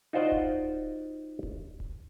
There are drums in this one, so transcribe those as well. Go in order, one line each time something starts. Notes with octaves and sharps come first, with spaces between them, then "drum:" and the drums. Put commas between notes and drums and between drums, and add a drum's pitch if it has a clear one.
D#4 F4 F#4 C5 D5 D#5
drum: kick D1
drum: kick D1
drum: kick D1